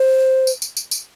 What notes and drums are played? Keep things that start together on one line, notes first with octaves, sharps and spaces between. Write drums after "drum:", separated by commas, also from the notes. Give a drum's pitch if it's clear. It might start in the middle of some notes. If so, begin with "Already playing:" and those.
Already playing: C5
drum: tambourine
drum: tambourine
drum: tambourine
drum: tambourine